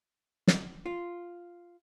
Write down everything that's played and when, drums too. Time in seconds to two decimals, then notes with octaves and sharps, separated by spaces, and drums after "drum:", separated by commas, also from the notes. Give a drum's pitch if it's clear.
0.47 drum: snare
0.86 F4